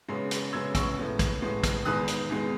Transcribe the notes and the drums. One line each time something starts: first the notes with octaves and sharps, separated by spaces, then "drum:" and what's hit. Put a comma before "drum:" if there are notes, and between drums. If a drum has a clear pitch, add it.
F#2 C#3 G#3 B3
drum: hi-hat
F#2 C#3 G#3 B3 E6 G#6
C#6 E6, drum: kick, hi-hat
A2 G#3 B3
drum: kick, hi-hat
A2 G#3 B3
drum: kick, hi-hat
E2 D#3 G#3 B3 D#6 F#6
drum: hi-hat
E2 D#3 G#3 B3